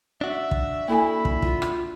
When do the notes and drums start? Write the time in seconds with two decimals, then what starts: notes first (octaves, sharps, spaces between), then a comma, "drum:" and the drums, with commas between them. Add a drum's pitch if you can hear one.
0.21 D4 F#4 E5
0.51 drum: kick
0.88 A#3 E4 A4 E5 G#5 B5
1.25 drum: kick
1.42 F4, drum: kick
1.62 drum: rim click